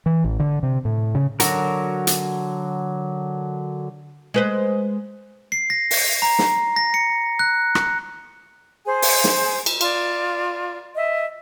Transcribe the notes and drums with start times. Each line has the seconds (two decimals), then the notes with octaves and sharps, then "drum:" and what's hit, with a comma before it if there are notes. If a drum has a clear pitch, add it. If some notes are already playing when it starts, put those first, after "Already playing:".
0.06 E3
0.24 A1
0.39 D3
0.63 C3
0.85 A2
1.15 C#3
1.40 D3 F#3 F#4 A#4, drum: hi-hat
2.07 drum: hi-hat
4.34 G#3 B4 C5
5.52 C7
5.70 A#6
5.91 drum: open hi-hat
6.22 A#5
6.39 drum: snare
6.76 A#6
6.94 C#7
7.39 F#6
7.75 drum: rim click
8.86 G#4 C5 G#5
9.02 drum: open hi-hat
9.24 drum: snare
9.66 drum: cymbal
9.81 F4 D5, drum: cymbal
10.96 D#5 E5